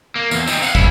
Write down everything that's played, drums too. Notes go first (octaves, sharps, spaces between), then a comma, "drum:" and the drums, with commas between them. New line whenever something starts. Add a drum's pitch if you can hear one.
A#3
E2, drum: tambourine
C4 D#4, drum: tambourine
F5 F#5, drum: tambourine
C#2 E4, drum: kick